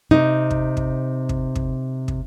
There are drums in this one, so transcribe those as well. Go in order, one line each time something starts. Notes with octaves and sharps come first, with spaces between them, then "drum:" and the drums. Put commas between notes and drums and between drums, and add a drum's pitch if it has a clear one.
C3 D#4
drum: kick
drum: kick
drum: kick
drum: kick
drum: kick